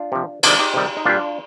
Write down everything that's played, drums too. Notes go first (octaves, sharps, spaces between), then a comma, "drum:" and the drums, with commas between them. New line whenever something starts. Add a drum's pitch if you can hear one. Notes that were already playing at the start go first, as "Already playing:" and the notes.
Already playing: D4 F4
C3 F3
C3 D#3 G3 D4 F4, drum: cymbal
D#4 G4
C3 D#3 G3
D#4
A#2 G3 D4 F4